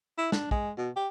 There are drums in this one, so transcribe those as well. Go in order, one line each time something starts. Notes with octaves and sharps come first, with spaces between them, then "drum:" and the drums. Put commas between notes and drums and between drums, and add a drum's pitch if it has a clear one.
E4
D4, drum: snare
G#3, drum: kick
B2
G4